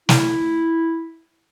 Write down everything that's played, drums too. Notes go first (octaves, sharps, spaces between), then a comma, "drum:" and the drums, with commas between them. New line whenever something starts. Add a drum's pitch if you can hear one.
E4, drum: snare